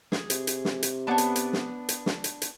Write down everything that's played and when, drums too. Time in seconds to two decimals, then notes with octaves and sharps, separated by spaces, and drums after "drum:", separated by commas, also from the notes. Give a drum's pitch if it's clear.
0.12 G#4, drum: snare
0.30 C3, drum: hi-hat
0.47 drum: hi-hat
0.65 drum: snare
0.83 drum: hi-hat
1.07 B3 D4 B4 C#5 F#5 A5
1.18 drum: hi-hat
1.36 drum: hi-hat
1.53 drum: snare
1.89 drum: hi-hat
2.06 drum: snare
2.24 drum: hi-hat
2.42 drum: hi-hat